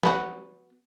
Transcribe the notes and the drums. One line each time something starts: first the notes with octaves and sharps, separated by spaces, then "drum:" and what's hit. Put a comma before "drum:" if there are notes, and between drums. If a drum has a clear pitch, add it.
B3 F#4, drum: snare